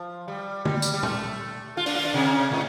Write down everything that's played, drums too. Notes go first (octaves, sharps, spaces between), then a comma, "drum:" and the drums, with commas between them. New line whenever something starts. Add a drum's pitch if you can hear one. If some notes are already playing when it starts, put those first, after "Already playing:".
Already playing: F3
G3
G3, drum: tom D3
drum: tambourine
G3
A3, drum: tom
F4
D4, drum: open hi-hat
F4
D4
C3
A2